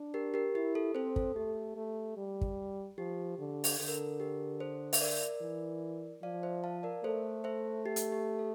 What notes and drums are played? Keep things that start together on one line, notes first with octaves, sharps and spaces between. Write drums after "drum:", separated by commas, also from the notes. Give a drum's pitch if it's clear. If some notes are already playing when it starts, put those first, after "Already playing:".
Already playing: D4
G4 A#4
G4 A#4
E4 G4
A4
C4 A4 C5
A4, drum: kick
A3 G4
A3
G3
drum: kick
F3 G4
D3
drum: open hi-hat
D3 A4
A#4
A4
G4 A#4
A4 C5
E5, drum: open hi-hat
A#4 D5
E3
F3 D5 F5
C5 E5
F5 A5
A#4 D5
A3 A4 C5
C5 E5
G4
drum: hi-hat
G4
A4